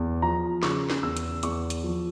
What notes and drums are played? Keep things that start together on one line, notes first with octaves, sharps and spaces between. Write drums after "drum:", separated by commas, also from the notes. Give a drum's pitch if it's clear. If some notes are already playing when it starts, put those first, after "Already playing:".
Already playing: E2
F3 A#5
C#3 C#6, drum: snare
drum: snare
E2 E6
drum: hi-hat
E2 C#6, drum: hi-hat
drum: hi-hat
F3